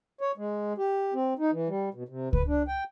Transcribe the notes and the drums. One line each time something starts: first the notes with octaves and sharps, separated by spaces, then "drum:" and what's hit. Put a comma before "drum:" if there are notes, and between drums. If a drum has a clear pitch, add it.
C#5
G#3
G4
C4
D#4
E3
G3
B2
C3
B4, drum: kick C#2
D4
G5